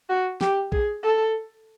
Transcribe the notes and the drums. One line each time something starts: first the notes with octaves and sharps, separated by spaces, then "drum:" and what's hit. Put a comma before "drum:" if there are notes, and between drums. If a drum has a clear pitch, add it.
F#4
G4, drum: snare
G#4, drum: kick A#1
A4